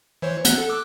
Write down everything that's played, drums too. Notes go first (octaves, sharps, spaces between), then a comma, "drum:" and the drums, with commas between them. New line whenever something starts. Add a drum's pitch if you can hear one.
E3 C5 C#5
F#5 F#6, drum: hi-hat
A4
D6 E6 F#6